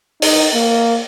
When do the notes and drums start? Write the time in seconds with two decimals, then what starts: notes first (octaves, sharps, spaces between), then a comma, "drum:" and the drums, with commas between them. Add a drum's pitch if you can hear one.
0.22 D#4, drum: open hi-hat
0.54 A#3